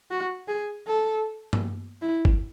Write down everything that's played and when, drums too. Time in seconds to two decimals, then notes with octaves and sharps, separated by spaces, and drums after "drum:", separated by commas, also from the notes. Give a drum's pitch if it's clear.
0.11 F#4
0.48 G#4
0.88 A4
1.53 drum: tom G2
2.02 E4
2.25 drum: kick G1